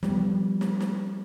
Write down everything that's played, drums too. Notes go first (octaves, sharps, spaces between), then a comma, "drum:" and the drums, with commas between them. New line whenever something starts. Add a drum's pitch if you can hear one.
F3 G3 B3, drum: snare
drum: snare
drum: snare